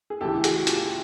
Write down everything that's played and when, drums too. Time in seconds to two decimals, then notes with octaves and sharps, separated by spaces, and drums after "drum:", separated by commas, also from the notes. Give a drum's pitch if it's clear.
0.10 G#4
0.21 D2 C#3 E3 G4 A4
0.34 G4
0.44 F#4 G#4, drum: hi-hat
0.67 F4 G4, drum: hi-hat